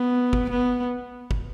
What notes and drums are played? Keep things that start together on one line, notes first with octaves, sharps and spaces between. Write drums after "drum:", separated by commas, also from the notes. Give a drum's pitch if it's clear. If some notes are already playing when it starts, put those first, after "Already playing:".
Already playing: B3
drum: kick
B3
drum: kick